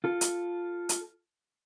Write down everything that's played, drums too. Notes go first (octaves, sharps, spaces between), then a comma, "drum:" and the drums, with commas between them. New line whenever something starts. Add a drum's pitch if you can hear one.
F4 A4
drum: hi-hat
drum: hi-hat